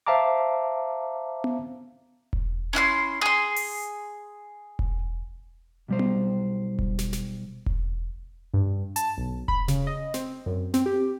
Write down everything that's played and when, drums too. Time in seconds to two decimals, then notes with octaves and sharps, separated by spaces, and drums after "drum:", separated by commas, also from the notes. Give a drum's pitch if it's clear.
0.07 C5 E5 F5 A5 A#5 D6
1.44 drum: tom B3
2.33 drum: kick E1
2.73 C#4 E4 F#5 C6
3.21 G#4 C6
3.56 drum: open hi-hat
4.79 drum: kick E1
5.88 B1 G3 C5
5.99 drum: tom B3
6.79 drum: kick E1
6.99 drum: snare
7.13 drum: snare
7.66 drum: kick E1
8.54 G2
8.96 A5, drum: hi-hat
9.17 B1
9.48 B5, drum: kick E1
9.68 C#3, drum: snare
9.87 D#5
10.14 C4, drum: snare
10.46 F#2
10.74 C4, drum: snare
10.86 G4